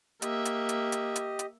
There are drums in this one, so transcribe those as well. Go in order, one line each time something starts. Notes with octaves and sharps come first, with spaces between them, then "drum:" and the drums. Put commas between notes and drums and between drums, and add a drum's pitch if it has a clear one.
A#3 G4 D#5 E5, drum: hi-hat
drum: hi-hat
drum: hi-hat
drum: hi-hat
drum: hi-hat
drum: hi-hat